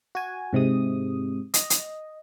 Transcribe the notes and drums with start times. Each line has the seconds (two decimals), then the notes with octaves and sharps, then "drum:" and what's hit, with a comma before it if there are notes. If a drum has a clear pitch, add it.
0.15 F#4 G#5
0.53 G#2 C3 G#3 D#6
1.54 D#5, drum: hi-hat
1.70 drum: hi-hat